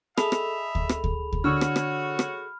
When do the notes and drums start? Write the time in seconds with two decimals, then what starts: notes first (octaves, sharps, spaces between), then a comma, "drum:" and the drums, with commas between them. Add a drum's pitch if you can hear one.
0.17 G#4 A4 D#5 E5 B5 F7, drum: rim click
0.32 drum: rim click
0.75 drum: kick D2
0.89 drum: rim click
1.04 drum: kick D2
1.33 drum: kick D2
1.44 D3 F#4 C#5 C#6 E6 F6
1.61 drum: rim click
1.76 drum: rim click
2.19 drum: rim click